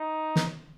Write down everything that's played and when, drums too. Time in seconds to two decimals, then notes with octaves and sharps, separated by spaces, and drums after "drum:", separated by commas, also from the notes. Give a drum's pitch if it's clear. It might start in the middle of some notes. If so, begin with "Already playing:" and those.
Already playing: D#4
0.36 drum: snare